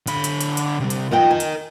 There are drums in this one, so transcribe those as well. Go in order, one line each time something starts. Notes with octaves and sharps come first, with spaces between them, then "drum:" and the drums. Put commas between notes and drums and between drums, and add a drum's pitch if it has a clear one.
D3 B5, drum: hi-hat
drum: hi-hat
drum: hi-hat
drum: hi-hat
C3 G3
drum: hi-hat
F2 A#4 D#5 F#5 G5
G#5
drum: hi-hat